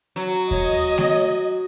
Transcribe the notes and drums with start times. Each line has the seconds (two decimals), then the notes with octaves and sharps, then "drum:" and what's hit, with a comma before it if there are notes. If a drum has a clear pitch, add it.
0.16 F#3
0.51 C#5 D#5, drum: kick D#2
0.98 drum: snare A3